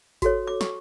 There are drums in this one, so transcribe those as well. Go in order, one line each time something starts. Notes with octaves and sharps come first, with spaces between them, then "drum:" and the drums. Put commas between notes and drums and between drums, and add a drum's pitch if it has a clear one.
F#4 A4 C#5, drum: kick G#1, hi-hat
D6
C#6, drum: snare